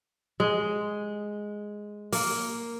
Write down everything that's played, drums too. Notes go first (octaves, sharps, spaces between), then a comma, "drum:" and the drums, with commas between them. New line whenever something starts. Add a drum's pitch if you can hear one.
G#3
A#3, drum: open hi-hat